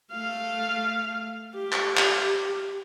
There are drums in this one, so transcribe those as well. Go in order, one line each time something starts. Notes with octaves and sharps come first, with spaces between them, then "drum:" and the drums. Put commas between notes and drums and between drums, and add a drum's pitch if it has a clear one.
A3 F5
G4
drum: clap
G4, drum: clap